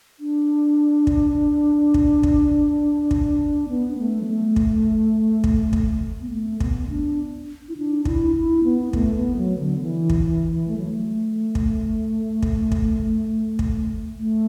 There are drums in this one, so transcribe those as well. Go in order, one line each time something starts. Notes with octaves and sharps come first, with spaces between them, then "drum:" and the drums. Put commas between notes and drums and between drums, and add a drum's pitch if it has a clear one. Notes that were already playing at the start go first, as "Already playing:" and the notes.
D4
drum: kick
drum: kick
drum: kick
drum: kick
B3
A3
F#3
A3
drum: kick
drum: kick
drum: kick
B3
A3
B3, drum: kick
D4
E4
D4
E4, drum: kick
E4
B3
A3, drum: kick
B3
F#3
D3
E3
drum: kick
A3
F#3
A3
drum: kick
drum: kick
drum: kick
drum: kick
A3